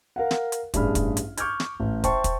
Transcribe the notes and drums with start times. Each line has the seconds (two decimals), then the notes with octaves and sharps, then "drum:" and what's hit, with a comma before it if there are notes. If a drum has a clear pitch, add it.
0.16 A#4 F5 F#5
0.31 drum: snare
0.52 drum: hi-hat
0.74 A1 G2 D4 G#4 B5 F6, drum: kick, hi-hat
0.95 drum: kick, hi-hat
1.17 drum: hi-hat
1.37 C#6 D6 F6 G6 G#6, drum: hi-hat
1.60 drum: snare
1.80 A1
2.04 C5 E5 G5 A5 C6 C#6, drum: kick, hi-hat
2.24 drum: kick, hi-hat